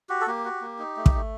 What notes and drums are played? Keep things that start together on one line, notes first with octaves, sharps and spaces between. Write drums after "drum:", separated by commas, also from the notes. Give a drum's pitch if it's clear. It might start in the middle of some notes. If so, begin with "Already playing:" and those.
F#4 G4
A4
A#3 G4
F#4
A#3
D#4
A3
drum: kick
A3